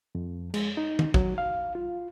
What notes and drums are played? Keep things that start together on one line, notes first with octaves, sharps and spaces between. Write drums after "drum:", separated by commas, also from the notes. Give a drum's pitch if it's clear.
F2
G#3, drum: cymbal
D#4
drum: tom
F#3, drum: kick
F5
F4